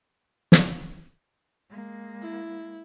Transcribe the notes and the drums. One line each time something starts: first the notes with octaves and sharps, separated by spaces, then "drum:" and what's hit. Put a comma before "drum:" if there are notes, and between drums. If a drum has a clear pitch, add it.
drum: snare
G#3 A#3
E4